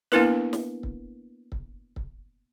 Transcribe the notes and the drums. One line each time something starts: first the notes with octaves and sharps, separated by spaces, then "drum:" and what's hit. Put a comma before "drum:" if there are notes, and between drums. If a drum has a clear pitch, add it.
A#3 B3 D4 E4 A#4 B4, drum: snare
drum: snare
drum: kick
drum: kick
drum: kick